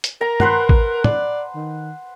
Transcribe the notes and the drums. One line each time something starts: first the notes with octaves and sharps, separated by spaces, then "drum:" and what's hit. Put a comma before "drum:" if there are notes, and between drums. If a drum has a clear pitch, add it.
drum: hi-hat
A#4 A#5
B4 C5 F#5, drum: tom
drum: kick A1
D5, drum: tom
D#3